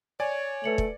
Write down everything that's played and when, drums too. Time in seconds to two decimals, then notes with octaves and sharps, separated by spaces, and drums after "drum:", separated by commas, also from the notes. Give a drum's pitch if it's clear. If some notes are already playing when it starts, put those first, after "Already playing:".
0.20 C#5 D5 G#5
0.64 A3 B4 C#7 F#7
0.78 drum: kick